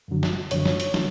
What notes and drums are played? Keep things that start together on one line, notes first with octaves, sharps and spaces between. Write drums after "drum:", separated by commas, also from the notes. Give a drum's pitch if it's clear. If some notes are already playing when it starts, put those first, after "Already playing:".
F#2 D3 F#3
drum: snare
F#2 D3 F#3 C#5, drum: hi-hat
drum: snare
drum: hi-hat
D#3 F#3, drum: snare